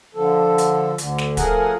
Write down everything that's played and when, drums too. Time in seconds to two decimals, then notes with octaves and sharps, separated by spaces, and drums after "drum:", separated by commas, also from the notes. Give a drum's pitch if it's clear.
0.15 D3 F3 A4
0.58 drum: hi-hat
0.98 D2 D3, drum: hi-hat
1.18 drum: snare
1.37 F3 A3 G#4 A#4 F#5 G#5, drum: kick, hi-hat